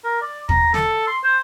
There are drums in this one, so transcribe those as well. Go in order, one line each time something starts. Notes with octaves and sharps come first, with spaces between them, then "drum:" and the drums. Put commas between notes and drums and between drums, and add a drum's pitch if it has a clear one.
A#4
D5
A#5, drum: kick
A4, drum: snare
C6
C5